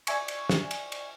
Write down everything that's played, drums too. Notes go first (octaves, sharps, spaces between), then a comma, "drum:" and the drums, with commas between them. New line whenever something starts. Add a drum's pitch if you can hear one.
D5 E5 G#5 C#6, drum: cymbal
drum: cymbal
drum: snare
drum: cymbal
drum: cymbal